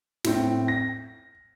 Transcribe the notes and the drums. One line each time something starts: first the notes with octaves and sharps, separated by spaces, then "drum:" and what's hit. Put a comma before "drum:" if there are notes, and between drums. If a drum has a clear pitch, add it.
A2 C4, drum: snare
A#6